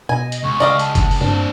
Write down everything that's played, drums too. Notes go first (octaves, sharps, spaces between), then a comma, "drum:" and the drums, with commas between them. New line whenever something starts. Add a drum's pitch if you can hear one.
B2 D#5 G#5
drum: hi-hat
C#2 C#6
C#3 D5 D#5 F5
A5, drum: hi-hat
drum: kick F#1, hi-hat
drum: open hi-hat
G2 C4 D4